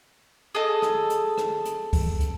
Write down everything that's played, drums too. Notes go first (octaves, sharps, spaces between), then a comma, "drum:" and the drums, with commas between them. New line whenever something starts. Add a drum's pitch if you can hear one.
G#4 A4 D#5
drum: rim click
drum: hi-hat
drum: rim click
drum: hi-hat
drum: kick C2, open hi-hat
drum: hi-hat